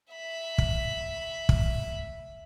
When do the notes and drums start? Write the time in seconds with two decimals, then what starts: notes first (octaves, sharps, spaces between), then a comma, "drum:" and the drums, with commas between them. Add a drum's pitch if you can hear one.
0.13 E5 B5
0.58 drum: kick
1.49 drum: kick